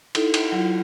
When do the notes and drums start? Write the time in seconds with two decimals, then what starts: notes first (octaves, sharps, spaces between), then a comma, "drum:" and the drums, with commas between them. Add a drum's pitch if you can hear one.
0.15 D#4 E4 A4, drum: cymbal
0.34 drum: cymbal
0.52 F#3 E4 F4